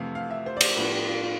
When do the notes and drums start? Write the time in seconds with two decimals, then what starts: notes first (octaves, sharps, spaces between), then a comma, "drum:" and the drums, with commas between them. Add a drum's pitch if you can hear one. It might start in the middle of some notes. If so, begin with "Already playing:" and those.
Already playing: F2 C3 E3 A3 C4 F5
0.15 F5
0.31 E5
0.46 C5
0.57 D5
0.61 C5, drum: cymbal
0.76 A2 F3 B3 D4 B4
0.92 G4
1.08 F4
1.24 F4